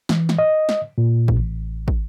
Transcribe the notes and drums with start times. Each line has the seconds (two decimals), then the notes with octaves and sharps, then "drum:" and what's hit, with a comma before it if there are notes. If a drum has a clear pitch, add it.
0.09 E3, drum: snare
0.29 drum: snare
0.39 D#5
0.69 drum: snare
0.98 A#2
1.28 drum: kick
1.39 A1
1.88 drum: kick